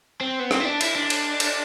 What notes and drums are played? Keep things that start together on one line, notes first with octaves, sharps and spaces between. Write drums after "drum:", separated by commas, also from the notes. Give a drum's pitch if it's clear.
C4
B3
C4, drum: rim click
E4
D4
E4, drum: cymbal
D4
drum: cymbal
drum: cymbal